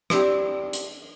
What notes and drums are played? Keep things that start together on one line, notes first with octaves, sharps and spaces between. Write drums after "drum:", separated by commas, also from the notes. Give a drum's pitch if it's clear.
C4 D4 E4 G4, drum: rim click
drum: hi-hat